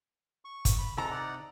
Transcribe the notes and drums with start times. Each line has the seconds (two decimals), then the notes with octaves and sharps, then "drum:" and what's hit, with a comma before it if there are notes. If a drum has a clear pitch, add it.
0.45 C#6
0.65 drum: kick, hi-hat
0.78 B5
0.97 C3 G#3 A4 A#5
1.11 D#4 D5 F#5